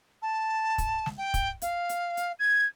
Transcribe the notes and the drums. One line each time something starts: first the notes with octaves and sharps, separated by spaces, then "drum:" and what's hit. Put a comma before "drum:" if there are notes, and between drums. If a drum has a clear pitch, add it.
A5
drum: kick, hi-hat
drum: snare
G5
drum: kick, hi-hat
F5, drum: hi-hat
drum: hi-hat
drum: hi-hat
G#6